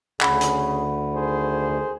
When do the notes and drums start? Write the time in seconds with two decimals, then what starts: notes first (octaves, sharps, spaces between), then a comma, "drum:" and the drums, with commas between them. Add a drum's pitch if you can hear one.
0.21 D2 C#3 F#5 B5, drum: clap
0.41 drum: hi-hat
1.14 D#3 G#4 C5